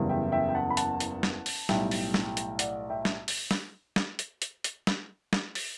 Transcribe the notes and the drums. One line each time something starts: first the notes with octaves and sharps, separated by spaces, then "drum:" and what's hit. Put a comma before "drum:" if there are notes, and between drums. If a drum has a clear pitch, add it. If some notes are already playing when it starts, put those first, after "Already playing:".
Already playing: F#1 E2 C#3 G3
E5 G5
E5 G5
G5
F#5 A5
B5
F#5 A5, drum: hi-hat
drum: hi-hat
drum: snare
drum: open hi-hat
B1 A2 G3 E5 G5, drum: snare
drum: open hi-hat
drum: snare
drum: hi-hat
D5 F#5, drum: hi-hat
E5 G5
drum: snare
drum: open hi-hat
drum: snare
drum: snare
drum: hi-hat
drum: hi-hat
drum: hi-hat
drum: snare
drum: snare
drum: open hi-hat